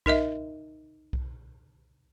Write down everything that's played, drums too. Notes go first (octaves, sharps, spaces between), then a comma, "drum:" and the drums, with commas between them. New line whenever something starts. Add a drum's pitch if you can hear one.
D#4 A#4 D#5 E5, drum: kick B1
drum: kick B1